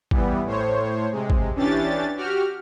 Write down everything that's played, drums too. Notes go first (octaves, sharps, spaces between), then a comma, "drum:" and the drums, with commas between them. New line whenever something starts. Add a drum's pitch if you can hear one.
E3 G3 B3, drum: kick G#1
A2 C5 C#5
C3 G#3
drum: kick G#1
E3 C#4 D4 G4 A6
F#4 G4 F6